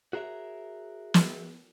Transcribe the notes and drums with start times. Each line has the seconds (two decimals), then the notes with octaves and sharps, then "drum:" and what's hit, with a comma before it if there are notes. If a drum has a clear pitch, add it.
0.13 F#4 G#4 A#4 C#5 E5
1.14 drum: snare